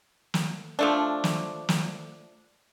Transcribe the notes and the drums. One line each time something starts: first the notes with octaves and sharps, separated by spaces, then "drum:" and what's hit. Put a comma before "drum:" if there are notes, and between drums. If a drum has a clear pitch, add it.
drum: snare
F3 A3 D4
drum: snare
drum: snare